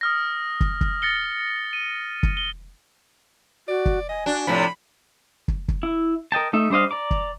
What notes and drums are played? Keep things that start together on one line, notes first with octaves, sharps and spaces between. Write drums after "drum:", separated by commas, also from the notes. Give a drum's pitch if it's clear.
D#6 F6 A#6
drum: kick
drum: kick
A6 A#6 C#7 G7
D#7
drum: kick
G7
F#4 D5
drum: kick
D#5 G#5
D4 F#4
A2 C3 F3 B5
drum: kick
drum: kick
E4
A#4 D#5 G5 A5
A3 D#4 E5
G3 D4 C5 D#5 F5
D5 A#5 D6
drum: kick